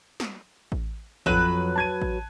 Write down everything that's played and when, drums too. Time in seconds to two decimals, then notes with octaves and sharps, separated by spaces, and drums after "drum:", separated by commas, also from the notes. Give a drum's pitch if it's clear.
0.20 drum: snare
0.72 drum: kick A1
1.26 F2 F#3 B4 F#6 D#7, drum: kick A1
1.76 A5 G#6 D#7
2.02 drum: kick A1